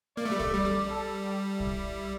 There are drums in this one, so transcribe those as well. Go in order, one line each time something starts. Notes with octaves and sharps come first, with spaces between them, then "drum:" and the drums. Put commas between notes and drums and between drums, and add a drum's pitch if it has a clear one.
A#3 D5
A3
G3
A3, drum: kick
G3
drum: snare B3
A4
G4
E4, drum: kick